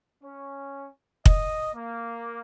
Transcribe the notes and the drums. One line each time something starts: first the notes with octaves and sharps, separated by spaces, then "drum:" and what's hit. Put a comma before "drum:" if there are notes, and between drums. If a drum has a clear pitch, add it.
C#4
D#5, drum: kick
A#3